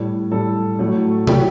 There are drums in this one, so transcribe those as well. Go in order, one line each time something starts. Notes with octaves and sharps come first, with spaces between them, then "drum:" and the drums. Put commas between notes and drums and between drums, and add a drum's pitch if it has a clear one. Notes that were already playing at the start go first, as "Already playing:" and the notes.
Already playing: A2 G3
A2 G3 A4
A2 F#3 A3
A2 F#3 A3 G4, drum: tom C3